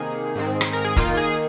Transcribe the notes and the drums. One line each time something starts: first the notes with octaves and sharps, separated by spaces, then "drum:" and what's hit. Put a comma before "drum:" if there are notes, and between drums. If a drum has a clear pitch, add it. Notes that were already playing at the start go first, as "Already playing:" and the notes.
Already playing: C3 D#3 A#3 D#4 G#4
G#2 D#3 C4
drum: rim click
A#4
G#4
D#3 A#3 D#4 F4, drum: kick
G#4